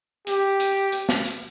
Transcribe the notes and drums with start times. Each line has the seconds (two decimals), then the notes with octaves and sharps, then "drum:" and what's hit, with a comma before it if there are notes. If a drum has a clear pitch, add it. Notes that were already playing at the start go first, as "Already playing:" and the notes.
0.27 G4, drum: hi-hat
0.60 drum: hi-hat
0.92 drum: hi-hat
1.09 drum: snare
1.25 drum: hi-hat